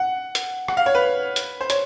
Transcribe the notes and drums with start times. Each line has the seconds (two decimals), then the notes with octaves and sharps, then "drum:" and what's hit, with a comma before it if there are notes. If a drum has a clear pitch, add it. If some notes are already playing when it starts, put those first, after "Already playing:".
Already playing: F#5
0.35 drum: hi-hat
0.68 F#5, drum: rim click
0.77 F5
0.86 C#5
0.95 B4
1.36 drum: hi-hat
1.61 C5
1.70 C#5, drum: hi-hat